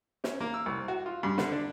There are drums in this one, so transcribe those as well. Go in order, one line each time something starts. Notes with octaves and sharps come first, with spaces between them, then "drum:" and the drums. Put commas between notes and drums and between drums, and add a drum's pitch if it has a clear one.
C#4, drum: snare
A#3
E6
C2
F#4
F4
G2
D3, drum: snare
D4